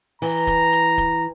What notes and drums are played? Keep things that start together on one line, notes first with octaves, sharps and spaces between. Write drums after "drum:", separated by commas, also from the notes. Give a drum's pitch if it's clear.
E3 A#5, drum: open hi-hat
drum: kick, hi-hat
drum: hi-hat
drum: kick, hi-hat